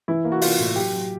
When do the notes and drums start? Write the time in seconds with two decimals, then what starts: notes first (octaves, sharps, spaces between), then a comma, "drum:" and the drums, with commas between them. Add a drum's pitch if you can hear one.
0.08 E3 E4
0.25 A#3
0.32 F#4
0.41 A#3 F4, drum: open hi-hat
0.59 A2
0.76 F#3 G4
0.93 F#3